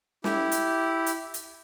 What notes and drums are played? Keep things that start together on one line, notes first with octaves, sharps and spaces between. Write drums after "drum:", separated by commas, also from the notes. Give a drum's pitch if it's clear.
E4 G4, drum: snare
drum: hi-hat
drum: hi-hat
drum: hi-hat